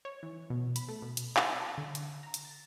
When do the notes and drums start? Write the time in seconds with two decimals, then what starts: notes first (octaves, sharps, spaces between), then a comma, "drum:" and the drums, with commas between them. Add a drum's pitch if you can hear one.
0.05 C#5
0.23 E3
0.50 B2
0.76 B5, drum: hi-hat
0.89 A3
1.02 B2
1.17 drum: hi-hat
1.37 A6, drum: clap
1.60 A5
1.78 D3
1.95 drum: hi-hat
2.23 A#5
2.34 drum: hi-hat
2.45 A6